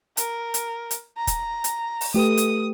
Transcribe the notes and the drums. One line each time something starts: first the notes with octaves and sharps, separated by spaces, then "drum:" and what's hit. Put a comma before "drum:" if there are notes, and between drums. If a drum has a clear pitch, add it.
A#4, drum: hi-hat
drum: hi-hat
drum: hi-hat
A#5
drum: kick, hi-hat
drum: hi-hat
drum: open hi-hat
A3 G4 B4 D#6
drum: hi-hat